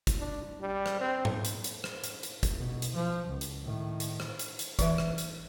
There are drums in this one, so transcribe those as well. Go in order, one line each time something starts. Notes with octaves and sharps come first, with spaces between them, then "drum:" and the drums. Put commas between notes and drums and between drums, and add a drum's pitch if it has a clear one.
drum: kick, hi-hat
D4
G3
drum: rim click
C4
drum: tom G#2
drum: hi-hat
drum: hi-hat
drum: rim click
drum: hi-hat
drum: hi-hat
drum: kick, hi-hat
B2
drum: hi-hat
F3
C#2
drum: hi-hat
A2 D#3
drum: hi-hat
drum: rim click
drum: hi-hat
drum: hi-hat
E3 B4 E5, drum: kick, hi-hat
drum: rim click
drum: hi-hat